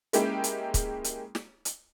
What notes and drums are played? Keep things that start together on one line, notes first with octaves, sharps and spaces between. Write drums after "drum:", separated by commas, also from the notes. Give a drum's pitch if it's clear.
G#3 A#3 C#4 E4 G4, drum: hi-hat
drum: hi-hat
drum: kick, hi-hat
drum: hi-hat
drum: snare
drum: hi-hat